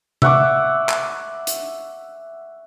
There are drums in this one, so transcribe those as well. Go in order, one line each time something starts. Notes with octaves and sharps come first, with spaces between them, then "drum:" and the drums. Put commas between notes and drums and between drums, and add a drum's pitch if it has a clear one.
E5 F#5 C#6 D6, drum: tom C3
drum: clap
drum: hi-hat